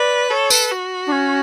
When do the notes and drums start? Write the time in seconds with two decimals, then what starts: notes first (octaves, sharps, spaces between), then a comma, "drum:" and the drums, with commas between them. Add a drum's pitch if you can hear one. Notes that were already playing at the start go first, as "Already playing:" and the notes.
Already playing: B4 D5
0.30 A4 C#5
0.50 B4, drum: tambourine
0.71 F#4
1.07 D4
1.12 C#4